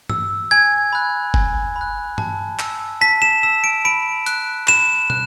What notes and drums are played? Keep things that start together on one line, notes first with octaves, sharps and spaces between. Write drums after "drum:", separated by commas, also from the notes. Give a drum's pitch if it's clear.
E6, drum: tom
G#5 G#6
B5 F#6
G#5, drum: kick F#1
B5
F#6
A5, drum: tom
E6, drum: clap
A5 B6
E7
E6 E7
D7
B5 D7
F#6, drum: hi-hat
B5 E7, drum: clap
F#6, drum: tom